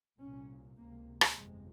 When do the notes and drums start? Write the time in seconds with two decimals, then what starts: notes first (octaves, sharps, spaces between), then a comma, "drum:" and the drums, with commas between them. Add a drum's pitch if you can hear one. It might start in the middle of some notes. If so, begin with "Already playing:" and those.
0.20 C2 A#2 C#4
0.78 C#2 C3 A#3
1.21 drum: rim click
1.36 G1 F2 C3 G#3